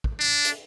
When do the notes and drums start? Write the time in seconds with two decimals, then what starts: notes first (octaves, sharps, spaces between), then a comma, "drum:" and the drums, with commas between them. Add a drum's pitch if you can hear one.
0.04 drum: kick
0.19 D4
0.45 drum: hi-hat